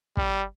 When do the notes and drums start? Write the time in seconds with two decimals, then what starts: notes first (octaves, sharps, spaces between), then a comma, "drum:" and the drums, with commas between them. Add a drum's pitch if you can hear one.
0.17 G3, drum: kick